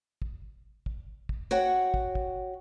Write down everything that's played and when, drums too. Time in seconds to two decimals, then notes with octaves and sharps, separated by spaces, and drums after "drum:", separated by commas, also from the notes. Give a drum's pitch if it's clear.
0.22 drum: kick
0.86 drum: kick
1.29 drum: kick
1.51 F#4 C#5 F#5 G5
1.94 drum: kick
2.15 drum: kick